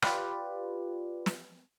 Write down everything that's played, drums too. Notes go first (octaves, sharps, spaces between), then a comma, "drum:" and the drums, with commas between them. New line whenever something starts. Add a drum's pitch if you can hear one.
F4 G4 B4 D5, drum: rim click
drum: snare